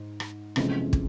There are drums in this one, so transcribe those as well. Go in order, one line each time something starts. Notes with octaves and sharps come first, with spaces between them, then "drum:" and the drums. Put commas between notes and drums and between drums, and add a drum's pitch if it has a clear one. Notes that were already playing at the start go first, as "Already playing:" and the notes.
Already playing: G#2
drum: rim click
F1 F2 E3 G#3 C#4, drum: rim click
drum: kick